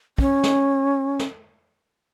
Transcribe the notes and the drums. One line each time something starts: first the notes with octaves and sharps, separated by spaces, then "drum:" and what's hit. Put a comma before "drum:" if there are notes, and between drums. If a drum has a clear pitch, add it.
C#4, drum: kick
drum: snare
drum: snare